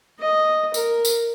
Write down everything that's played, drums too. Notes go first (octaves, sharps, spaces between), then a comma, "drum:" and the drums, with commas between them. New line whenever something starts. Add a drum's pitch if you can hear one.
D#5
A#4, drum: tambourine
drum: tambourine